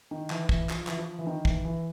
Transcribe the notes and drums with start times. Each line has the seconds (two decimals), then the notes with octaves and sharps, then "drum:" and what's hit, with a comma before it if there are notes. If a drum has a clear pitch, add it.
0.11 D#3
0.30 E3, drum: clap
0.49 E3, drum: kick
0.69 F3, drum: clap
0.87 E3, drum: clap
0.98 F3
1.19 E3
1.27 D#3
1.45 E3, drum: kick
1.64 E3